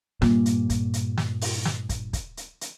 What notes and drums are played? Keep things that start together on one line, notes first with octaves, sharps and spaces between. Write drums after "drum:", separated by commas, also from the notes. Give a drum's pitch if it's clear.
G2 A#2, drum: snare
drum: hi-hat
drum: kick, hi-hat
drum: hi-hat
drum: snare
drum: open hi-hat
drum: snare
drum: kick, hi-hat
drum: kick, hi-hat
drum: hi-hat
drum: hi-hat